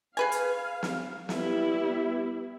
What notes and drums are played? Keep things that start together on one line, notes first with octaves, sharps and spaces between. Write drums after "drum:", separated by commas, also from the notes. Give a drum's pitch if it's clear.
G#4 B4 F5 G#5
drum: hi-hat
drum: snare
G3 B3 E4, drum: snare